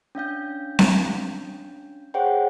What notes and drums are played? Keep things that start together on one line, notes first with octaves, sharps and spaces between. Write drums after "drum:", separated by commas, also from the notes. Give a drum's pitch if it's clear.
C#4 D4 F5 G6
drum: snare C4
G#4 C5 C#5 F#5 G5